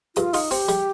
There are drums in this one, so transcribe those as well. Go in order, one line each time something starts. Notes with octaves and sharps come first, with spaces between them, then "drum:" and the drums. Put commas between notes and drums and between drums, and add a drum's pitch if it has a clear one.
G2 F4, drum: hi-hat
D#4 F4, drum: open hi-hat
C4 G4, drum: open hi-hat
G3, drum: hi-hat